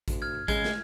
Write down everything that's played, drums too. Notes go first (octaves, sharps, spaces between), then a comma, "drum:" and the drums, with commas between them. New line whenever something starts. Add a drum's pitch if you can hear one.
D2, drum: kick A1, hi-hat
F6 G#6
C#3 G#3 G#6, drum: kick A1, hi-hat
drum: snare